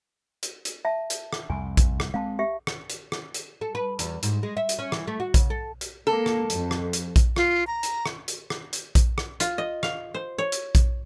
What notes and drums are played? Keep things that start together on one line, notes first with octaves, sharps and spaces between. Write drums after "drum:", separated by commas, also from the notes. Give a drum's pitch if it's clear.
drum: hi-hat
drum: hi-hat
E5 A5
drum: hi-hat
drum: rim click
C2 F2 G#5
drum: kick A#1, hi-hat
drum: rim click
G#3 C4 F5 A5
G4 E5
drum: rim click
drum: hi-hat
drum: rim click
drum: hi-hat
A4
B4
E2, drum: hi-hat
G#2, drum: hi-hat
G#3
E5
drum: hi-hat
C#4
E3, drum: rim click
A3
F#4
C#3, drum: kick A#1, hi-hat
A4
drum: hi-hat
A#3 A4
drum: rim click
F2, drum: hi-hat
drum: rim click
drum: hi-hat
drum: kick A#1, hi-hat
F4, drum: rim click
A#5
drum: hi-hat
drum: rim click
drum: hi-hat
drum: rim click
drum: hi-hat
drum: kick A#1, hi-hat
drum: rim click
F4, drum: hi-hat
D#5
F5, drum: rim click
C5
C#5
drum: hi-hat
drum: kick A#1, hi-hat